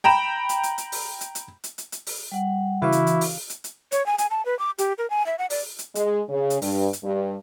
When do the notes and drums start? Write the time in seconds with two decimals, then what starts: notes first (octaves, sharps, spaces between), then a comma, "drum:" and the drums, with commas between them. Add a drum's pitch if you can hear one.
0.04 G5 A#5 B5 E7
0.49 drum: hi-hat
0.63 drum: hi-hat
0.78 drum: hi-hat
0.92 drum: open hi-hat
1.21 drum: hi-hat
1.35 drum: hi-hat
1.64 drum: hi-hat
1.78 drum: hi-hat
1.92 drum: hi-hat
2.07 drum: open hi-hat
2.32 G3 F#5
2.82 C#3 E3 E4 F#4 F5 C#6 D6
2.92 drum: hi-hat
3.07 drum: hi-hat
3.21 drum: open hi-hat
3.50 drum: hi-hat
3.64 drum: hi-hat
3.92 C#5, drum: hi-hat
4.06 G#5
4.18 G#5, drum: hi-hat
4.30 A5
4.46 B4
4.59 D6
4.78 G4, drum: hi-hat
4.98 A#4
5.10 G#5
5.26 E5
5.39 F#5
5.50 D5, drum: open hi-hat
5.79 drum: hi-hat
5.95 G#3, drum: hi-hat
6.29 C#3
6.50 drum: hi-hat
6.62 G2, drum: open hi-hat
6.93 drum: hi-hat
7.04 G2